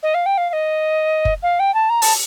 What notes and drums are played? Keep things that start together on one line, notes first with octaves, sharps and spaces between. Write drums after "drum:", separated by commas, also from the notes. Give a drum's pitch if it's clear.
D#5
F5
G5
F5
F5
D#5
drum: kick F#1
F5
G5
A5
A#5
A5, drum: open hi-hat